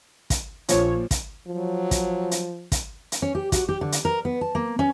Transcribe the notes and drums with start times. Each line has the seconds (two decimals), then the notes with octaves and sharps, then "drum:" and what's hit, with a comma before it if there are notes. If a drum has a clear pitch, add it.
0.30 drum: kick, hi-hat
0.69 A#1 A#2 F3 C#5, drum: hi-hat
1.11 drum: kick, hi-hat
1.47 F3 F#3
1.91 drum: kick, hi-hat
2.31 drum: hi-hat
2.72 drum: kick, hi-hat
3.12 drum: hi-hat
3.22 C#4
3.35 G4
3.52 F#4, drum: kick, hi-hat
3.69 G4
3.81 D3
3.92 drum: hi-hat
4.05 A#4
4.25 B3
4.41 A5
4.55 A#3
4.79 C#4